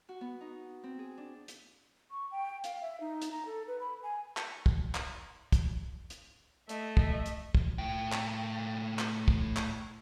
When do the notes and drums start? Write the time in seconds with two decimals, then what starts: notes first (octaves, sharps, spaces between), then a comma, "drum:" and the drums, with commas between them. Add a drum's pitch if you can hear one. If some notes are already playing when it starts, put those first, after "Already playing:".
0.09 F#4
0.21 B3
0.41 D#4
0.83 C4
0.99 G#4
1.18 D4
1.48 drum: hi-hat
2.11 C#6
2.31 G5
2.64 F5, drum: hi-hat
2.82 E5
3.01 D#4
3.22 drum: hi-hat
3.32 A#5
3.46 A4
3.67 B4
3.80 B5
4.03 G#5
4.37 drum: clap
4.66 drum: kick
4.95 drum: clap
5.52 drum: kick, hi-hat
6.10 drum: hi-hat
6.69 A3 D#5 E5, drum: hi-hat
6.97 drum: kick
7.26 drum: hi-hat
7.55 drum: kick
7.78 A2 G5
8.12 drum: clap
8.99 drum: clap
9.28 drum: kick
9.57 drum: clap